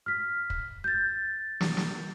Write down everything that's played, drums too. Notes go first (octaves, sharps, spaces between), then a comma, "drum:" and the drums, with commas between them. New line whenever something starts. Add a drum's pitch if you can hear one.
F6 B6
drum: kick
G6 A6
drum: snare
drum: snare